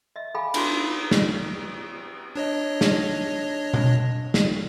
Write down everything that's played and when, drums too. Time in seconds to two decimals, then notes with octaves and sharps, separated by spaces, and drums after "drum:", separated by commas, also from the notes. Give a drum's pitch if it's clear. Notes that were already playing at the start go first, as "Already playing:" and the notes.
0.16 D#5 E5
0.35 G#4 A4 F5 G5 G#5 B5
0.54 D4 E4 F#4 D6, drum: cymbal
0.69 D#4 F4
1.11 drum: snare
2.36 D4 C#5 D#5
2.81 drum: snare
3.74 drum: tom B2
4.34 drum: snare